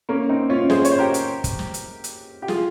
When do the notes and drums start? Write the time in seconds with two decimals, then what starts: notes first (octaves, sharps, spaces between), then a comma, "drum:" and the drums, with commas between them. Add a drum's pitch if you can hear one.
0.09 A#3 C#4
0.29 C4 D#4
0.50 C#4 F4
0.70 G#4 C5, drum: snare
0.85 C#5, drum: hi-hat
0.92 C5
0.99 G4 A#4
1.14 drum: hi-hat
1.44 drum: kick, hi-hat
1.59 drum: snare
1.74 drum: hi-hat
2.04 drum: hi-hat
2.42 G4
2.48 F4 G#4, drum: snare